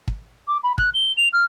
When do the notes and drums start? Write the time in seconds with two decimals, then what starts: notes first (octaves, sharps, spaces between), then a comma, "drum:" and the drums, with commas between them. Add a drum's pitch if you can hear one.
0.08 drum: kick
0.48 D6
0.63 B5
0.78 F#6, drum: kick
0.94 G7
1.17 F7
1.33 F6